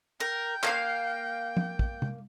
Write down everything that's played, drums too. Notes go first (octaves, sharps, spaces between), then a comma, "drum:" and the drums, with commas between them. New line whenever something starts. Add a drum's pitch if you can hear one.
A#4 G5
A#3 F5, drum: clap
drum: tom
drum: kick
drum: tom C3